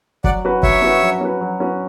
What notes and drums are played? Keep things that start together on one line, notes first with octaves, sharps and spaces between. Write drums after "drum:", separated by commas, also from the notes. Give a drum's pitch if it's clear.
F#3 D5 F#5, drum: kick
C#4 F#4 B4
F#3 C#5 E5, drum: kick
C#4 F#4 B4
F#3
C#4 F#4 B4
F#3
C#4 F#4 B4